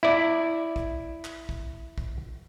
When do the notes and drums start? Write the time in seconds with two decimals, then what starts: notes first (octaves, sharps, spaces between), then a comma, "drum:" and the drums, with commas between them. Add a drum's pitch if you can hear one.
0.03 E4 D5
0.76 drum: kick
1.25 drum: clap
1.49 drum: kick
1.98 drum: kick